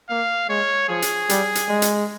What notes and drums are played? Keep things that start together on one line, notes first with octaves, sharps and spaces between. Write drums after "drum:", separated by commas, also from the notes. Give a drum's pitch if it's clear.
A#3 F5
G#3 C#5
F3 G#4
drum: hi-hat
G3, drum: hi-hat
drum: hi-hat
G#3
drum: hi-hat